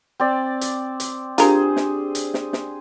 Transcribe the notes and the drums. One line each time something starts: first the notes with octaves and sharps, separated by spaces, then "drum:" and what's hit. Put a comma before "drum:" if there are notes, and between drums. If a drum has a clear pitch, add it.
C4 D5
drum: hi-hat
drum: hi-hat
D4 F4 G4 G#4 A#4 C5, drum: hi-hat
drum: snare
drum: hi-hat
drum: snare
drum: snare